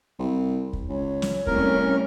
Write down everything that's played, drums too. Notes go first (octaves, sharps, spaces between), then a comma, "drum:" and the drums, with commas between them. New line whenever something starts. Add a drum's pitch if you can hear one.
C2
drum: kick
C#2 C#5
drum: snare
C2 G3 A3 C#4 A#4, drum: kick